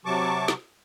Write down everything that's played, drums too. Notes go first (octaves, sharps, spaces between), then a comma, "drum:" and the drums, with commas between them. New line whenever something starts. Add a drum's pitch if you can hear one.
C3 F#3 A5 C#6 D6
drum: snare